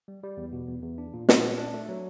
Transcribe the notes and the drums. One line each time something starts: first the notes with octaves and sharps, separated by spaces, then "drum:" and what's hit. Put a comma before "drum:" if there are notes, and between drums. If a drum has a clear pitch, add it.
G3
G3
E2
B2
E2
E2
D4
A#2
A#2, drum: snare
A#2
D4
A3
F#3